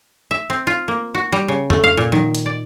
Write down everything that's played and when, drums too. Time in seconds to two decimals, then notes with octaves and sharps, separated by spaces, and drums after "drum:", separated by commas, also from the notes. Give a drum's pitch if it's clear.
0.31 E5
0.50 C4
0.67 F4
0.88 A#3
1.15 F#4
1.32 G3
1.48 C#3
1.70 A3, drum: tom F2
1.84 F5
1.97 A#2
2.12 D#3, drum: tom F3
2.35 drum: hi-hat
2.46 D5